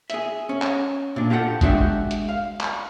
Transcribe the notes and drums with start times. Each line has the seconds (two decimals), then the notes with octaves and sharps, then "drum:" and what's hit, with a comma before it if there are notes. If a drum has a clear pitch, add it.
0.10 G#4 E5, drum: hi-hat
0.49 C#4
0.62 drum: clap
1.16 A#2 D4
1.30 F4 G4 A4 C5 F#5 G5
1.61 G#3 D4 F#4 E5 G5, drum: kick G1, hi-hat
2.11 drum: hi-hat
2.29 F5
2.60 drum: clap